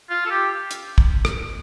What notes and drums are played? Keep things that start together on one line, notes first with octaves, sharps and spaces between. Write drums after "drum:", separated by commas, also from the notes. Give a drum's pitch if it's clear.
F4
A4
G4
drum: hi-hat
drum: kick
drum: rim click